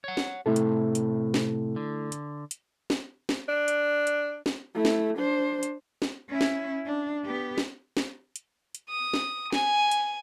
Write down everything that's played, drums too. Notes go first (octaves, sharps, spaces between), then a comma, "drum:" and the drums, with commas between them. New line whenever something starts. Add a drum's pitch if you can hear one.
C#5 F#5
drum: snare
A2 C3 A3 E4 A4
drum: hi-hat
drum: hi-hat
drum: snare
D3
drum: hi-hat
drum: hi-hat
drum: snare
drum: snare
D4
drum: hi-hat
drum: hi-hat
drum: snare
A3 E4
drum: snare
D4 C5
drum: hi-hat
drum: snare
C#4 E4
drum: snare
D4
B3 G4
drum: snare
drum: snare
drum: hi-hat
drum: hi-hat
D#6
drum: snare
G#5, drum: snare
drum: hi-hat